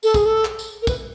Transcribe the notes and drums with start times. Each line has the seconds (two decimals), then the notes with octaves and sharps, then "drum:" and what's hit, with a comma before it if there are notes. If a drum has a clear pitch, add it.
0.03 A4, drum: tambourine
0.14 G#4, drum: kick, tambourine
0.25 A4
0.45 drum: clap
0.59 drum: tambourine
0.81 A#4
0.87 B4, drum: kick, tambourine